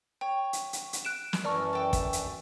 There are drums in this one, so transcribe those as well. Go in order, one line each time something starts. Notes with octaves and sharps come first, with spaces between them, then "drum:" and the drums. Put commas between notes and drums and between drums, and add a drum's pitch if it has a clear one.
C#5 G5
drum: hi-hat
drum: hi-hat
drum: hi-hat
F#6 D7 E7
drum: snare
F#2 E3 A#4 D5 A5 C#6 E6 F6
A4 G5
drum: kick, hi-hat
drum: hi-hat